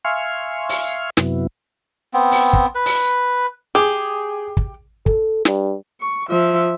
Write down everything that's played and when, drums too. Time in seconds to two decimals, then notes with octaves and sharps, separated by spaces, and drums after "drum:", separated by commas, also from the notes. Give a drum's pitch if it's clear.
0.05 E5 F5 G#5 C6 C#6 F6
0.69 drum: open hi-hat
1.17 F#2 C3 F#3 B3 E4, drum: snare
2.14 B3 C4
2.32 drum: open hi-hat
2.53 drum: kick
2.75 B4
2.86 drum: open hi-hat
3.75 G4 G#4
4.57 drum: kick
5.06 A4, drum: kick
5.45 G2, drum: snare
6.01 C#6
6.29 F3 E5